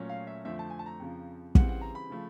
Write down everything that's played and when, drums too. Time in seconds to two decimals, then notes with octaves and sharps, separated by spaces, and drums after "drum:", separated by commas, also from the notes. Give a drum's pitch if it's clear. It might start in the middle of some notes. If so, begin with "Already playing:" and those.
Already playing: A#2 F#3 A3 C#4
0.10 F5
0.27 E5
0.45 F2 D3 F3 A3 C4 E5
0.59 A5
0.70 G#5
0.79 A5
0.86 A#5
1.00 F2 C#3 F3
1.55 C#3 E3 G3 C4 F#5, drum: kick
1.69 F#5
1.81 A#5
1.95 B5
2.10 C#3 F3 A3